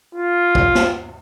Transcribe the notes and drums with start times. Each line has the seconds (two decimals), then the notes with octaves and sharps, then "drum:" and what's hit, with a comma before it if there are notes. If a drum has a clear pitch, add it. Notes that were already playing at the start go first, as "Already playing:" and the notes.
0.15 F4
0.55 drum: kick
0.75 drum: snare